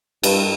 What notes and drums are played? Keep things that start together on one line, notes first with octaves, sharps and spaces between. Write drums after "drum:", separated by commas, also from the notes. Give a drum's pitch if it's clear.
G2, drum: cymbal